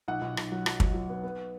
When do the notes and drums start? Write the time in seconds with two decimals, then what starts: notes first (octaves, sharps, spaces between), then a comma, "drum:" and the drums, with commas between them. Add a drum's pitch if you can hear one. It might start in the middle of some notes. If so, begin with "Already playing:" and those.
0.08 B1 F#5
0.22 B1
0.37 B1, drum: rim click
0.52 F#3
0.66 F#3, drum: rim click
0.80 F#3, drum: kick
0.94 F#3
1.09 B3
1.23 B3